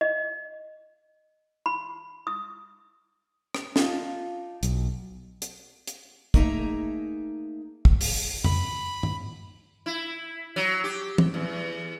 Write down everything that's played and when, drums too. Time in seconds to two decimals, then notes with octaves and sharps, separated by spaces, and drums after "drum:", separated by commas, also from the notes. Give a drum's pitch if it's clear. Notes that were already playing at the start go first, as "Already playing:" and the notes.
0.01 D#5
1.66 B5
2.27 D#6
3.55 drum: rim click
3.76 D4 D#4 F4, drum: snare C#4
4.63 B1, drum: hi-hat
5.42 drum: hi-hat
5.87 drum: hi-hat
6.34 A3 A#3 D#4 G#4 E5 A#5, drum: kick
7.85 drum: kick
8.01 drum: open hi-hat
8.44 B5, drum: tom F2
9.03 drum: tom G2
9.86 E4
10.56 F#3
10.84 G4
11.18 drum: tom E3
11.34 E2